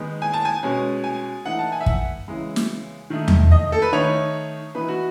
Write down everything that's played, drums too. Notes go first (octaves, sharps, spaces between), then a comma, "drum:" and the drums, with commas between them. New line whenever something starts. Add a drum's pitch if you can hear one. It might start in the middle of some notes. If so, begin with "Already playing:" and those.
Already playing: D#3 G#3 B3 D#4
G#5
A5
G#5
B2 G#3 C#4
G#5
E3 A3 D#4 F#5
A5
G#5
E5
F#5, drum: kick
C#3 E3 G#3
drum: snare
D#3 A3 D#4
drum: tom E2
D#5
A4
B4
D#3 A3 D#4 C#5
E3 B3 D#4 B4
F#4